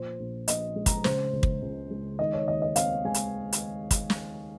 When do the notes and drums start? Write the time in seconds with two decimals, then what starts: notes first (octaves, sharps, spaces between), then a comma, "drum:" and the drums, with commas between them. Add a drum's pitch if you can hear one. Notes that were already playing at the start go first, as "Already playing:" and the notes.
Already playing: A#2 F3 C5
0.20 A#1
0.48 A#1 D#5, drum: hi-hat
0.76 G#3
0.86 A#5, drum: kick, hi-hat
1.04 C#3 C5, drum: snare
1.33 C#2
1.43 drum: kick
1.62 C#2
1.90 G#3
2.19 D#3 D#5
2.34 C#5
2.48 D#2 D#5
2.62 D#5
2.76 C4 F5, drum: hi-hat
3.05 G#3 G#5
3.14 drum: hi-hat
3.53 drum: hi-hat
3.91 drum: kick, hi-hat
4.10 drum: snare